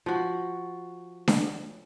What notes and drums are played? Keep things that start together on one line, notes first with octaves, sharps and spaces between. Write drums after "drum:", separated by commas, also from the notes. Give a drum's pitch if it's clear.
F3 F#4
drum: snare D4